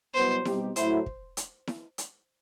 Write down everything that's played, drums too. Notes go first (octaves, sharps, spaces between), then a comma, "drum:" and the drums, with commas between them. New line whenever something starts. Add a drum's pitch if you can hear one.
C2 B2 F#3 B3 C5
B2 G3 C4 D#4 G4, drum: snare E4
A2 F#3 A3 E4 C5, drum: hi-hat
drum: kick
drum: hi-hat
drum: snare E4
drum: hi-hat